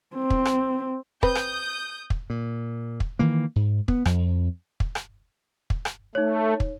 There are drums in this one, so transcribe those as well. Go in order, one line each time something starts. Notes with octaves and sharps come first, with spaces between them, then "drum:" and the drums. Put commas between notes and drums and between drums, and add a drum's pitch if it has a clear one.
C4
drum: kick
drum: rim click
C4 B4 D#6 G6, drum: kick
drum: rim click
drum: kick
A#2
drum: kick
D#3 E3 A#3
G#2
B3, drum: kick
F2, drum: rim click
drum: kick
drum: rim click
drum: kick
drum: rim click
A3 D#4 C#5
drum: kick